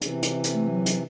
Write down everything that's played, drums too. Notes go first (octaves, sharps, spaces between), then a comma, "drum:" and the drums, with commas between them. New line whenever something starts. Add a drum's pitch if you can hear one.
C3 E3, drum: hi-hat
drum: hi-hat
drum: hi-hat
A3
F#3
drum: hi-hat